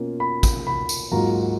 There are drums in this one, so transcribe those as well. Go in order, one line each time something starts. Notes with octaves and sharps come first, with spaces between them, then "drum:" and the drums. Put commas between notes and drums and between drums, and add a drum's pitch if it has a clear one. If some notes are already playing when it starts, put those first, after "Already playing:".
Already playing: B2 A#3 C#4 F4
B5
drum: kick, tambourine
B5
drum: tambourine
G#2 F#3 A#3 F4 A#5